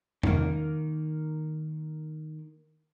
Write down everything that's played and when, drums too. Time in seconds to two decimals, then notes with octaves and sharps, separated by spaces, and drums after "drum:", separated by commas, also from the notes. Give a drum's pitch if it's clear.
0.23 D#3 A#3, drum: tom E2